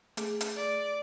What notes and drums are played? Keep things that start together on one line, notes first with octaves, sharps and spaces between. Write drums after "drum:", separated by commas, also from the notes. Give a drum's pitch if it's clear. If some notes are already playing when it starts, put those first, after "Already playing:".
A3 G#4 D6, drum: hi-hat
drum: hi-hat
D5